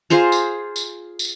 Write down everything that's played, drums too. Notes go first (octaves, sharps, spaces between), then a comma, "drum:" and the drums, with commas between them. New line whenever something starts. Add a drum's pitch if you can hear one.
F4 G#4 C5 A#5
drum: tambourine
drum: tambourine
drum: tambourine